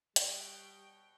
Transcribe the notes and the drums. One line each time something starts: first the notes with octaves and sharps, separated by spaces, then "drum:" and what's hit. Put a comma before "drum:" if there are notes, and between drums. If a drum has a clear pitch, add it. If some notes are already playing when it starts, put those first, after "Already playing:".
B2 G3 C#5 G5 G7, drum: hi-hat